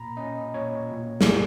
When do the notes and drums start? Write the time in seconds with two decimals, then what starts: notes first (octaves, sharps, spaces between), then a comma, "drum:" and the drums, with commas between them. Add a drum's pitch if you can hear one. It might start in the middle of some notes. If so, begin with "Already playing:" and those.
Already playing: A#2 A#3 A#5 B5
0.17 C#4 D#5
0.54 A#2 C#5
0.92 A#2
1.21 drum: snare
1.30 D#4